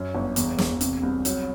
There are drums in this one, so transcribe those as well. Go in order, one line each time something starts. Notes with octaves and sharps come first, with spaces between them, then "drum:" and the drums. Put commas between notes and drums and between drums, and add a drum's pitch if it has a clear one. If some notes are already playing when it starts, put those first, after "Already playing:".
Already playing: F#2
G1
E2, drum: hi-hat
E1, drum: snare
C3, drum: hi-hat
C2
F#3, drum: hi-hat